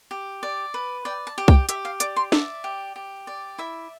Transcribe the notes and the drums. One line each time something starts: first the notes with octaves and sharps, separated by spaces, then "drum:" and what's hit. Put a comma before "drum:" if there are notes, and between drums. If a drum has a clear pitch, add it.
G4
D5
B4
D5 G5
A5
G4
G5, drum: kick C2
G4 E5, drum: hi-hat
F5
D5 D6, drum: hi-hat
C6
D5 E5, drum: snare
G4
G4
D5
E4 E5